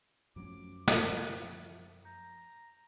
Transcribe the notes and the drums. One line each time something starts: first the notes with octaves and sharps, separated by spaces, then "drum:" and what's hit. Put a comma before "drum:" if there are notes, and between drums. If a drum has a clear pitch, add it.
F#2 F3 F#3 A3 C#4 F#4 D6
E5, drum: snare
F3
A#5 G6